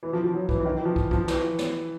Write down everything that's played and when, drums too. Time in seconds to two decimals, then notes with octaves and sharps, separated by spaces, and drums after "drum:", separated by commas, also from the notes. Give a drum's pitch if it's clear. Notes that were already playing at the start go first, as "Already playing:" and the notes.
0.03 E3
0.13 F3
0.24 F3
0.34 F#3
0.49 E3, drum: kick
0.59 E3
0.65 D#3
0.76 E3
0.85 F3
0.96 drum: kick
1.11 F3, drum: kick
1.28 E3, drum: snare
1.59 drum: snare